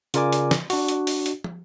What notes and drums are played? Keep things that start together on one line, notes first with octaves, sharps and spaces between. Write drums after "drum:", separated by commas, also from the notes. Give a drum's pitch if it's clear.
C#3 F4 A#4 D5 G#5 D6, drum: hi-hat
drum: hi-hat
drum: snare
D4 F#4, drum: open hi-hat
drum: hi-hat
drum: open hi-hat
drum: hi-hat
drum: tom